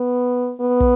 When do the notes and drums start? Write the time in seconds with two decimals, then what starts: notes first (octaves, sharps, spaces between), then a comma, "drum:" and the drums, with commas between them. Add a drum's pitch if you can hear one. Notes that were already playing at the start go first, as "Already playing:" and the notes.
Already playing: B3
0.60 B3
0.80 drum: kick